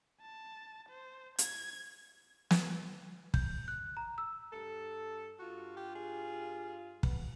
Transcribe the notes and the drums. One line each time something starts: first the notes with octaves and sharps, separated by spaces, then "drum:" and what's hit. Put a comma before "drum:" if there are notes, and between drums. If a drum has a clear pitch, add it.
A5
C5
G#6, drum: hi-hat
drum: snare
G6, drum: kick
F#6
A#5
E6
G2 A4
G2 F4 F#4
G4
G#4
B3, drum: kick